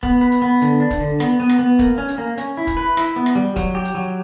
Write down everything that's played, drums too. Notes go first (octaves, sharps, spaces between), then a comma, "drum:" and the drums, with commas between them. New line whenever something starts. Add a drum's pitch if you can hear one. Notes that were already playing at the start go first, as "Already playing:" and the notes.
B3, drum: kick
B4
drum: hi-hat
B3
D3, drum: hi-hat
D4
drum: kick, hi-hat
D3
B3, drum: rim click
B3
drum: rim click
B3
A#3, drum: kick, hi-hat
C#4
drum: hi-hat
A#3
C#4, drum: hi-hat
E4
drum: kick, hi-hat
B4
E4, drum: rim click
B3
drum: rim click
G3
F#3, drum: kick, hi-hat
G4
drum: hi-hat
F#3